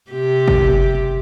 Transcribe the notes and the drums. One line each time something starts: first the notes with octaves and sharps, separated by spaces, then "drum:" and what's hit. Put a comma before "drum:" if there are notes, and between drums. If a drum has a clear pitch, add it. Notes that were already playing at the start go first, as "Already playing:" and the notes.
C3 G4
drum: kick